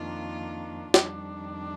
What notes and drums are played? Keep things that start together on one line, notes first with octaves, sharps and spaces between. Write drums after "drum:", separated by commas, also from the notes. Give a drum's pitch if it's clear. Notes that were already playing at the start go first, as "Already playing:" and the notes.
Already playing: F2 D#3 A#3 D4 F4
F2 D#3 G3 D4, drum: snare